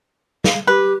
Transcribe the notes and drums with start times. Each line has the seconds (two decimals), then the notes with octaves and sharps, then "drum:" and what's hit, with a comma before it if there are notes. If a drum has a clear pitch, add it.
0.44 F5, drum: snare
0.67 G4 B4